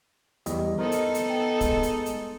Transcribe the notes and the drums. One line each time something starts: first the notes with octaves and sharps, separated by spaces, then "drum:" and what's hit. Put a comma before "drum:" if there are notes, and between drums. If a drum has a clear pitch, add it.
E2 G3 D#5, drum: hi-hat
B3 D#4 A4 A#4 C5 D#5
drum: hi-hat
drum: hi-hat
G5
G#3, drum: kick, hi-hat
drum: hi-hat
drum: hi-hat